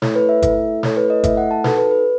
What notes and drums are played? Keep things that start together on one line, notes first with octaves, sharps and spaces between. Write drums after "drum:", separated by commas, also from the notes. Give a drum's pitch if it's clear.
A3 E4 A4 C#5, drum: snare
B4
E5
A3 E4 A4 E5, drum: kick G1, hi-hat
A3 E4 A4 C#5, drum: snare
B4
D#5
A3 E4 A4 E5, drum: kick G1, hi-hat
F#5
A5
D#4 F#4 A4 B4, drum: snare
B4
B4